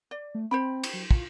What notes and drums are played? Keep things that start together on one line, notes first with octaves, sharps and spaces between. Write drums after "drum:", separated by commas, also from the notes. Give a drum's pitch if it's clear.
D5
A3
C4 C5 G5 B5
drum: cymbal
F#3
F4, drum: kick